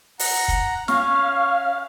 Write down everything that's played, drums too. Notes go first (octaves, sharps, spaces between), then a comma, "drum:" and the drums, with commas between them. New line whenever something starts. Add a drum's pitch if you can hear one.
F#5 A#5, drum: open hi-hat
drum: kick
C#4 F5 C#6, drum: snare